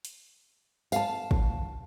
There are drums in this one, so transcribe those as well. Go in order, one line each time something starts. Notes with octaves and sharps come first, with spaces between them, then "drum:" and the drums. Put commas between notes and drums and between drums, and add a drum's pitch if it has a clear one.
drum: hi-hat
F5 A5, drum: tambourine
drum: kick